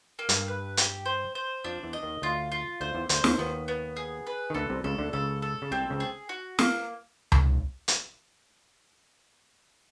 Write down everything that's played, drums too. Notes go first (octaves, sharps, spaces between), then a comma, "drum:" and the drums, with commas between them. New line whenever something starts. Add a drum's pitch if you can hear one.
A#3
G2 G3, drum: hi-hat
B4
G4, drum: hi-hat
C5
C5
F2 F3 D4
E2 E3
D#5
D#2 D#3
D2 D3 F4
F4
D2 D3 C5
E2 E3
D2 D3 C5, drum: hi-hat
D#2 D#3, drum: snare
D#2 D#3 B3
B3
G#4
B4
D#3
D2 D3 A4
C2 C3
C#2 C#3 A4
D2 D3
C#2 C#3 A4
A4
C#3
C2 C3 C4
C#2 C#3
G#4
F#4
A#3, drum: snare
drum: tom C#2
drum: hi-hat